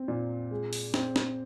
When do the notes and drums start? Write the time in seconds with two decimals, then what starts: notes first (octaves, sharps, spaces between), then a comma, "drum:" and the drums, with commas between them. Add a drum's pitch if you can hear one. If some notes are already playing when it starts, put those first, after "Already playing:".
Already playing: C4
0.08 A#2
0.51 G#3
0.73 drum: open hi-hat
0.94 C4, drum: snare
1.16 drum: snare